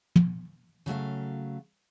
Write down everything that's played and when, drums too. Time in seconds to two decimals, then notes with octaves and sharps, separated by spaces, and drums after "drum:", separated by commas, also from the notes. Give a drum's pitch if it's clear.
0.16 drum: tom
0.86 C#3 F#3 A3 F5